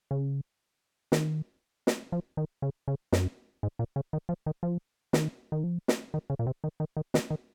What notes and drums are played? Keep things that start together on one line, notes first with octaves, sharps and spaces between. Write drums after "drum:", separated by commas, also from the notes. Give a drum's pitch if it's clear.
C#3
D#3, drum: snare
drum: snare
F3
D#3
C#3
C#3
F#2, drum: snare
G#2
A#2
C#3
D#3
F3
D#3
F3
D#3, drum: snare
D#3
F3
drum: snare
D#3
C#3
A#2
C3
D#3
D#3
D#3
D#3, drum: snare
D#3